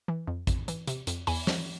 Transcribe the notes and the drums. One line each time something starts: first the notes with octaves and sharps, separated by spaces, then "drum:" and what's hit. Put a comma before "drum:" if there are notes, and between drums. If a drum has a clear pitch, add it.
E3
F2
F2, drum: kick, hi-hat
E3, drum: hi-hat
C3, drum: hi-hat
F2, drum: hi-hat
E2 G#5 B5, drum: open hi-hat
F3, drum: snare